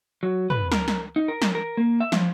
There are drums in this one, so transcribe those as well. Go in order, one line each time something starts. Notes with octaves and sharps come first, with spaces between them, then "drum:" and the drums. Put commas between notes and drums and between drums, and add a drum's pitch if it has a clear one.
F#3
B4, drum: tom
A#4, drum: snare
drum: snare
D#4
A#4
drum: snare
A#4
A#3
E5
F3, drum: snare